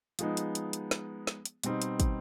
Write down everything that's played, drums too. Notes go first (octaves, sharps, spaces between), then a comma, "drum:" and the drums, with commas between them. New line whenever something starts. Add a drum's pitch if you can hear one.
F3 G#3 B3 D#4, drum: hi-hat
drum: hi-hat
drum: hi-hat
drum: hi-hat
drum: snare
drum: snare
drum: hi-hat
B2 G3 C4 D#4, drum: hi-hat
drum: hi-hat
drum: kick, hi-hat